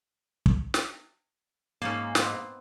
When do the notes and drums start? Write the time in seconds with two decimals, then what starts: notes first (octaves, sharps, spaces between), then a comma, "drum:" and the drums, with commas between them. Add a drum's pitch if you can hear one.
0.46 drum: kick
0.74 drum: snare
1.82 G#2 A#3 C#4 D#4 A5
2.15 B3 C4, drum: snare